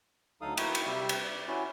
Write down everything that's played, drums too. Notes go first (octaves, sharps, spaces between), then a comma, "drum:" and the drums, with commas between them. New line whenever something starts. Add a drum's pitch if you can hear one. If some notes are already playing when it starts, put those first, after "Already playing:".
D2 F#3 D#4 A4 F5 D#6
A#3 E4 F#4 F#5 G5 D#6, drum: cymbal
drum: cymbal
C3 G3 G4 E5
drum: cymbal
D5
C#4 E4 F#4